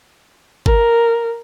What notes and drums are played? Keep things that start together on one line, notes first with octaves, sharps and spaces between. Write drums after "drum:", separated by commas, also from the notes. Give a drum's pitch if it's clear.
A#4, drum: kick G1